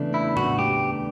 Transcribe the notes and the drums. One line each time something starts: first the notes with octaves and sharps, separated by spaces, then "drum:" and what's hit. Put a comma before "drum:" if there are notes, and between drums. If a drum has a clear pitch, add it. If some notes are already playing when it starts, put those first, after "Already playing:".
Already playing: E2 C#3 E3 A3 D4
E4
F#4, drum: tom A2
G4